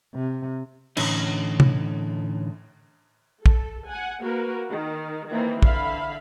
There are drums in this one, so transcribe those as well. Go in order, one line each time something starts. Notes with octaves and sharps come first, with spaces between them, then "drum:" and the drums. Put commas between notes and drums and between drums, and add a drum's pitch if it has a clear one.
C3
A2 D3 E3 C#4 D#4, drum: cymbal
drum: tom
A4, drum: kick
F#5 G#5
A#3 F#4 A#4 B4
D#3
D#3 E3 A#3 C4
D3 E5 F5 B5, drum: kick